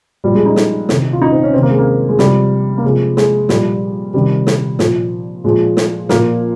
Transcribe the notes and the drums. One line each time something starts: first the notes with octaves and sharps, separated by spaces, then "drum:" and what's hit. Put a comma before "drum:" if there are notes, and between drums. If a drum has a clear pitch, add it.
A#2 F3 G3
G#3
D#4
drum: snare
C3 D#3, drum: snare
F4
D#4
C4
C#4
C3 D#3 C4
A#3
G#3
A#3
G#3
C3 F3 G3, drum: snare
A#3
C3 F3 G#3
G#3, drum: snare
A#2 F3 G3, drum: snare
C3 D#3 G3
drum: snare
A#2 F3, drum: snare
A#2 F3 G#3
drum: snare
A#2 F3 A#3, drum: snare